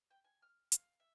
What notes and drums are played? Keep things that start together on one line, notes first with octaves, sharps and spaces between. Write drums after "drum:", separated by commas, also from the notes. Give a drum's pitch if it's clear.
G5
G#5
F6
F5, drum: hi-hat
E5